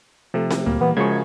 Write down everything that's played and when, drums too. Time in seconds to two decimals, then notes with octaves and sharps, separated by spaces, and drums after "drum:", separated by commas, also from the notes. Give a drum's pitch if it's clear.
0.34 C3 F3 A3
0.51 drum: snare C4
0.66 D2 A#2 G3 A#3
0.81 E3 B3
0.97 F#2 C#3 F3 G#3 C#6 G#6